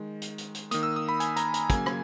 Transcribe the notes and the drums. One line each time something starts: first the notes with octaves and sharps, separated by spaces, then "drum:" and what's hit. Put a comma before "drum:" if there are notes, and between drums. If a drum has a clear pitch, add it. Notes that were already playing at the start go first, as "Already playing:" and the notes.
Already playing: D#3 G#3
drum: hi-hat
drum: hi-hat
drum: hi-hat
D#3 A#3 D#6, drum: hi-hat
E6
D#6
B5
G#5, drum: hi-hat
A#5, drum: hi-hat
A#5, drum: hi-hat
C#3 F#3 A#3 G#5, drum: kick, hi-hat
drum: rim click